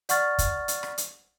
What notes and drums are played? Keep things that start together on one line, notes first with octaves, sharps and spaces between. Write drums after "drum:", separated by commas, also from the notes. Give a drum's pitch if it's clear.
D5 F#5 C#6 F6 A6, drum: hi-hat
drum: kick, hi-hat
drum: hi-hat
drum: rim click
drum: hi-hat